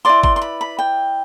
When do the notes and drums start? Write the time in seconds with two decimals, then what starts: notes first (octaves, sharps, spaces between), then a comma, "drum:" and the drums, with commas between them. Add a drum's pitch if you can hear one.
0.05 E4 B4 D5 C6
0.23 C6, drum: kick
0.36 C6
0.42 B5
0.61 B5
0.79 G5